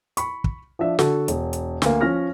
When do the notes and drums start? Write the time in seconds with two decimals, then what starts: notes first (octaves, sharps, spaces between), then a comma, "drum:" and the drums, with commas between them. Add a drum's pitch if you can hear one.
0.17 B5 C#6, drum: hi-hat
0.44 drum: kick
0.79 F3 D4 E5
0.99 D3 F#4 A4, drum: snare
1.28 E1, drum: hi-hat
1.53 drum: hi-hat
1.82 D2 A#3, drum: snare
2.01 F3 C#4 F6 A#6